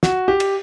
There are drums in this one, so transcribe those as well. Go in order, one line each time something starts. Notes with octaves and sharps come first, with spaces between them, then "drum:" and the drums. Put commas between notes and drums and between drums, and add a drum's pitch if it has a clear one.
F#4, drum: snare
G4
drum: cymbal